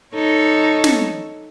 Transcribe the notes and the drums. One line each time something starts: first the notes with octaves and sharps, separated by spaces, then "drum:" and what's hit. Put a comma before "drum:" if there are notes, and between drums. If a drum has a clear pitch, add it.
D#4 A4 C#5
drum: snare